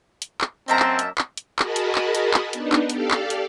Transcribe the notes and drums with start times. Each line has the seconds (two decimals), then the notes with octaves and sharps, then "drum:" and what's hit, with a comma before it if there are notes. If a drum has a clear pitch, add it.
0.22 drum: hi-hat
0.41 drum: clap
0.68 F#2 A#3 C4 D#5 E5 A5 A#5
0.80 drum: clap
0.99 drum: hi-hat
1.18 drum: clap
1.37 drum: hi-hat
1.59 F#4 G#4 A#4 D#5 A5 B5, drum: clap
1.76 drum: hi-hat
1.95 drum: clap
2.15 drum: hi-hat
2.34 drum: clap
2.53 B3 D4 D#4, drum: hi-hat
2.72 drum: clap
2.90 G4 A4 D5 F5, drum: hi-hat
3.11 drum: clap
3.30 drum: hi-hat